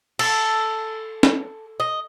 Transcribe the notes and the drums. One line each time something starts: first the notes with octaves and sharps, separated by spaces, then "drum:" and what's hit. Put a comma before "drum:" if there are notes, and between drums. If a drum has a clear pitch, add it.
A4, drum: cymbal
drum: snare
D#5